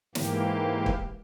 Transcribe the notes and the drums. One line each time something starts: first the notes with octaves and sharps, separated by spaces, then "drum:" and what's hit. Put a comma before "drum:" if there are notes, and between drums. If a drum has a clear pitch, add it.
G#2 E3 A#3 G4, drum: snare
drum: kick